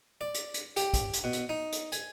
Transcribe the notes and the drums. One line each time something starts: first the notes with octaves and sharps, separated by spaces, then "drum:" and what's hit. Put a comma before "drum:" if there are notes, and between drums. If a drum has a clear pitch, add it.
D5
drum: hi-hat
drum: hi-hat
G4, drum: hi-hat
drum: kick, hi-hat
drum: hi-hat
B2
drum: hi-hat
D#4
drum: hi-hat
G#5, drum: hi-hat